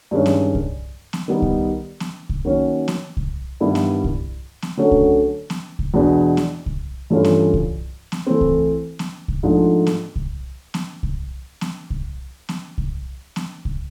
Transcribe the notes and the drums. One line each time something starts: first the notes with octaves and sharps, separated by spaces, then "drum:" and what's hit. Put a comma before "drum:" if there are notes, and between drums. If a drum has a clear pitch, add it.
G2 D#3 G#3 C#4
drum: snare
drum: kick C2
drum: snare
D#3 G3 B3 D#4
drum: kick C2
drum: snare
drum: kick C2
D#3 F#3 A#3 C#4
drum: snare
drum: kick C2
G2 D#3 G3 B3 E4
drum: snare
drum: kick C2
drum: snare
D3 F#3 A3 C#4
drum: kick C2
drum: snare
drum: kick C2
E2 B2 G#3 B3 D4
drum: snare
drum: kick C2
G2 E3 A3 C#4 F4
drum: snare
drum: kick C2
drum: snare
E3 A3 C4
drum: kick C2
drum: snare
drum: kick C2
G#2 F3 A3 D4
drum: snare
drum: kick C2
drum: snare
drum: kick C2
drum: snare
drum: kick C2
drum: snare
drum: kick C2
drum: snare
drum: kick C2